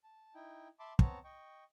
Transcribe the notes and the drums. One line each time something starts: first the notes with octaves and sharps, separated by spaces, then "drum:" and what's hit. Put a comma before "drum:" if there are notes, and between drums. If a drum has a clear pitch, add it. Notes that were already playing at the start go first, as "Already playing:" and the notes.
A5
D#4 E4 G5
E5 A5 B5 C6 D6
B3 C4 C#5 A5 A#5, drum: kick
D#5 G5 C#6